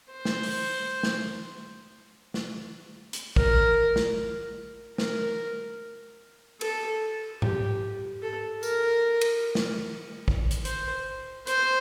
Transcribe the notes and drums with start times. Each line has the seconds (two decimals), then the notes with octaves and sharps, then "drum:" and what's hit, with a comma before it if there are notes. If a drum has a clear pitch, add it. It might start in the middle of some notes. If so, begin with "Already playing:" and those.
0.13 C5
0.25 drum: snare
0.43 drum: open hi-hat
1.03 drum: snare
2.34 drum: snare
3.13 drum: hi-hat
3.36 A#4, drum: kick
3.96 drum: snare
4.98 A#4, drum: snare
6.61 A4, drum: cymbal
7.42 G4, drum: tom G#2
8.23 A4
8.63 A#4, drum: tambourine
9.21 drum: cymbal
9.55 drum: snare
10.28 drum: kick
10.51 drum: hi-hat
10.65 C5, drum: hi-hat
11.47 C5, drum: hi-hat